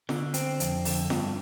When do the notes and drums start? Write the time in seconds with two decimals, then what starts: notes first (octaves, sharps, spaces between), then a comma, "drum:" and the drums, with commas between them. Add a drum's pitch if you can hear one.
0.09 D3, drum: snare
0.34 C4, drum: hi-hat
0.60 F2, drum: hi-hat
0.85 D3, drum: open hi-hat
1.10 G2, drum: snare